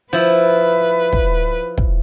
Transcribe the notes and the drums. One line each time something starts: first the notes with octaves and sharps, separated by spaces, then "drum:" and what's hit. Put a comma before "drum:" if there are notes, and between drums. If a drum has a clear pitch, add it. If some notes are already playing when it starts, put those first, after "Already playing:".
F3 E4 B4
drum: kick
drum: kick